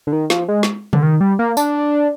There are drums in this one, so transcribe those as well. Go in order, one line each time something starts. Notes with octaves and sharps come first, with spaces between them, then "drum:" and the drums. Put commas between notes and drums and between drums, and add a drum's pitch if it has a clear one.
D3
D#3
F3, drum: snare
G#3
drum: snare
D3, drum: tom C3
D#3
G3
A#3
D4, drum: tambourine